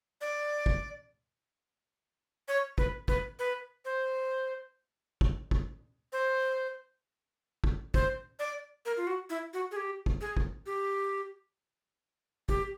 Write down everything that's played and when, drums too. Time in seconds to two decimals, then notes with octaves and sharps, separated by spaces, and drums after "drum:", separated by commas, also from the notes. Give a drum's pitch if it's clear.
0.21 D5
0.66 drum: kick
2.48 C#5
2.78 B4, drum: kick
3.08 B4, drum: kick
3.39 B4
3.85 C5
5.21 drum: kick
5.51 drum: kick
6.13 C5
7.64 drum: kick
7.94 C5, drum: kick
8.39 D5
8.86 A#4
8.97 F4
9.07 F#4
9.30 E4
9.54 F#4
9.71 G#4
9.77 G4
10.06 drum: kick
10.21 G#4
10.37 drum: kick
10.66 G4
12.49 G4, drum: kick